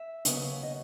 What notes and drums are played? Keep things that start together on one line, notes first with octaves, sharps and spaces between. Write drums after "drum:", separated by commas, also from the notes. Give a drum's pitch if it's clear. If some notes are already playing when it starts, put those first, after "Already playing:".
Already playing: E5
D#2 C#3 F#3 B3, drum: hi-hat
D#5